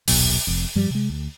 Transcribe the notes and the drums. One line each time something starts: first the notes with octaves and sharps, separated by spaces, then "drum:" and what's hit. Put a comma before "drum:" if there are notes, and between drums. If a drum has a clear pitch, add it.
D#1 B1 B2 F#3, drum: open hi-hat
F1 F2
G2 F3 G3
C3 G#3
D2